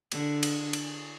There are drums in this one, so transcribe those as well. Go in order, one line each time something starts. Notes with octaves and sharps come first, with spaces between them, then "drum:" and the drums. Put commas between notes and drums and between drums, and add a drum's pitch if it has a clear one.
D3, drum: cymbal
drum: cymbal
drum: cymbal